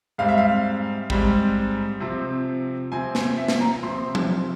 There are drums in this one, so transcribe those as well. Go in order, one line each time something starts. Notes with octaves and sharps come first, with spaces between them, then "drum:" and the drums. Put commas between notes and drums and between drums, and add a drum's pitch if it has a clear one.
G#2 G3 C4 F5
E5
F5
G#2 G3 C4, drum: kick
C3 F3 C4
C3 F3 C4 G#5
G#5, drum: snare
E5
drum: snare
A#5
C3 F3 C4 C6
drum: tom F3